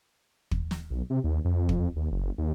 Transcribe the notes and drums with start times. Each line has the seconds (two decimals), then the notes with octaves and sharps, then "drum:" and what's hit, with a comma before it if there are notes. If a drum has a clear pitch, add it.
0.51 drum: kick
0.71 drum: snare
0.90 B1
1.10 C3
1.24 D#2
1.45 F2
1.69 F2, drum: kick
1.96 D#2
2.11 F#1
2.38 D#2